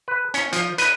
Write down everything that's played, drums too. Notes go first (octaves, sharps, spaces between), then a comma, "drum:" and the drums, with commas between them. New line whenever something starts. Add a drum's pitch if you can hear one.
B4
C#4, drum: hi-hat
F3, drum: hi-hat
B4, drum: hi-hat